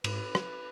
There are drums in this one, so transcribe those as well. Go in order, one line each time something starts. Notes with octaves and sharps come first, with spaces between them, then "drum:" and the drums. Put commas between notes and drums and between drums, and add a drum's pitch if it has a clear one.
G#2 B4, drum: cymbal
drum: rim click